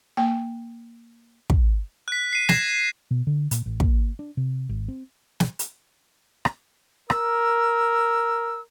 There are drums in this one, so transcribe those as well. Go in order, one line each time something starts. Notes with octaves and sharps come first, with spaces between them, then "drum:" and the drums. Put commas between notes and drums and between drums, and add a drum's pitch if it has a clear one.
A#3 G5
drum: kick
F#6 B6
C7 D#7
G#6 A#6 C7 E7, drum: snare
B2
D3
A#2, drum: hi-hat
A1
A#3, drum: kick
D4
C3
G#1
C4
drum: snare
drum: hi-hat
drum: rim click
A#4 E6, drum: rim click